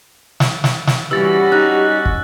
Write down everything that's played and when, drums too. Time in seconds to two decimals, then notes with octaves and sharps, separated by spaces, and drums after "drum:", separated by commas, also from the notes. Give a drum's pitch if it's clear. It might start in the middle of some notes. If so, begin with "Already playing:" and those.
0.40 drum: snare
0.64 drum: snare
0.87 drum: snare
1.11 E3 G3 C#4 F#4 G4 E6 A6
1.52 D#4 F#6
2.05 drum: kick